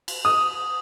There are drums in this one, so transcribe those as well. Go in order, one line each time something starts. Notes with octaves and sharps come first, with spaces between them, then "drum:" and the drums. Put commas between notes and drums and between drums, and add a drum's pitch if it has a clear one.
drum: cymbal
D#6